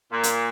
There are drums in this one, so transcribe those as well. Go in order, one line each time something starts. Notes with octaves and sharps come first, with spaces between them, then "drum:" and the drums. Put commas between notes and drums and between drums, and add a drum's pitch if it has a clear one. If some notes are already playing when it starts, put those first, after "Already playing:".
A#2
drum: hi-hat